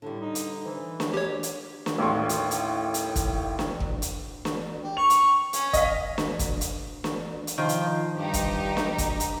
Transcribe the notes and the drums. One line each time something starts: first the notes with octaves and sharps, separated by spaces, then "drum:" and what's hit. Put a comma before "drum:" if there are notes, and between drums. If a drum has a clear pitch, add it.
A2 D3 G3
D#4
drum: hi-hat
E3 C5
drum: snare
G4 C#5
drum: hi-hat
drum: snare
A1 D#2 A2 C6 C#6
drum: hi-hat
drum: hi-hat
drum: hi-hat
drum: kick, hi-hat
drum: snare
drum: kick
drum: hi-hat
drum: snare
G4
C#6 F7
drum: hi-hat
C#4, drum: hi-hat
D#5 F5 B6, drum: kick, hi-hat
drum: snare
drum: kick, hi-hat
drum: hi-hat
drum: snare
drum: hi-hat
D#3 F3 C5
drum: hi-hat
G2 D#4 G4
drum: kick, hi-hat
drum: snare
drum: kick, hi-hat
drum: hi-hat